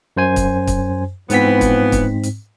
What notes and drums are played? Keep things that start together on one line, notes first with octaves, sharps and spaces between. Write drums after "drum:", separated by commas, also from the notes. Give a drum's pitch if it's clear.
F#2 C5 G#5
drum: kick, hi-hat
drum: kick, hi-hat
G#2 E3 F3 B3 C4 B6, drum: hi-hat
drum: kick, hi-hat
drum: kick, hi-hat
drum: hi-hat